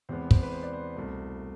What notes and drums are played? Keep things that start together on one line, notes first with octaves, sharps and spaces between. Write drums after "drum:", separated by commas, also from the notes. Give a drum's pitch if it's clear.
E2 C3 G#3 B3 C5
C5, drum: kick
B4
C5
D5
C5
C2 B2 A3